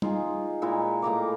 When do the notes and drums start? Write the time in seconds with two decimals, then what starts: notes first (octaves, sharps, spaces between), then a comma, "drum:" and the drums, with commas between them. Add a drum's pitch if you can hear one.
0.02 D#4 F4 G#4, drum: tom G3
0.62 A#2 G#3 E4 A#5
1.02 A2 A#3 A#5 D6